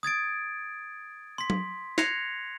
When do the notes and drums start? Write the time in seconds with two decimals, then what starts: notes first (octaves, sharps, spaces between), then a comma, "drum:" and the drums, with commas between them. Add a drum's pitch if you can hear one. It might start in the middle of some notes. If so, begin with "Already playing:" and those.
0.03 D#6 G#6 A6 D7
1.38 C6 B6
1.50 drum: tom F#3
1.98 F#6 G#6 A#6 C7 C#7 F7, drum: snare